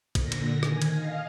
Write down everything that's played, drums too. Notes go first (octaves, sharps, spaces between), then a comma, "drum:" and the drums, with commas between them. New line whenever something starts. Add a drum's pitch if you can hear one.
A#2 D3 A#6, drum: kick, cymbal
drum: cymbal
D#3 G#5, drum: rim click
drum: cymbal
D#5 F5